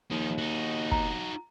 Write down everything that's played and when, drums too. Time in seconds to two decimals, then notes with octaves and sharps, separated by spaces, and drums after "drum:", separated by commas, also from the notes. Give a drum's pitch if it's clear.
0.11 D#2 F3 D#4
0.38 D#4 F#4
0.91 A#5, drum: kick